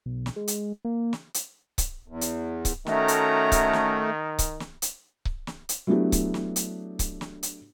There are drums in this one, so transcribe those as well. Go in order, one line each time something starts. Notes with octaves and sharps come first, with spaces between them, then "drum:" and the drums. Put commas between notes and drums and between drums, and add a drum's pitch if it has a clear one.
B1
drum: snare
G#3
drum: hi-hat
A#3
drum: snare
drum: hi-hat
drum: kick C#1, hi-hat
E2
drum: hi-hat
drum: kick C#1, hi-hat
D#3 A3 C#4 F#4 A#5, drum: snare
drum: hi-hat
drum: kick C#1, hi-hat
drum: snare
drum: kick C#1, hi-hat
drum: snare
drum: hi-hat
drum: kick C#1
drum: snare
drum: hi-hat
F#3 A3 B3 D4 E4 G4
drum: kick C#1, hi-hat
drum: snare
drum: hi-hat
drum: kick C#1, hi-hat
drum: snare
drum: hi-hat